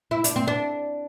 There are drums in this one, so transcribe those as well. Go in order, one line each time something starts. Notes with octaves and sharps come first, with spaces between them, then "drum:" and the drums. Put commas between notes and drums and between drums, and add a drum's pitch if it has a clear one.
E4
D4, drum: hi-hat
C4
D4